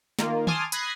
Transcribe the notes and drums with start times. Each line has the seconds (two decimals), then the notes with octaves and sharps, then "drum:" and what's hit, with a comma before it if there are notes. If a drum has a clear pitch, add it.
0.19 D#3 A#3 F4, drum: snare
0.47 G#5 A5 C6 D6 D#6 F6, drum: tom D#3
0.72 B5 D#6 F#6 G#6 A#6 C7, drum: hi-hat